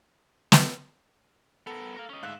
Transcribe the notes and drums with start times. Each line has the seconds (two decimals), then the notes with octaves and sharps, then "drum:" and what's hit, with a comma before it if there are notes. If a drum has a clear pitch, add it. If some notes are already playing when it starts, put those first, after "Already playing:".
0.52 drum: snare
1.67 B3 A4 A#4
1.97 A#4 F5
2.09 C#4 D#5
2.23 D2 G#2 E5 F5 F#6